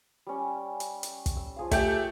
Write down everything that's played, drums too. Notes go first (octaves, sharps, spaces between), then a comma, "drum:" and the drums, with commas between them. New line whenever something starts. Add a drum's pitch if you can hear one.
G3 C#4
drum: hi-hat
drum: hi-hat
drum: kick, hi-hat
E6
F3 G#4 F5
A3 G4, drum: kick, hi-hat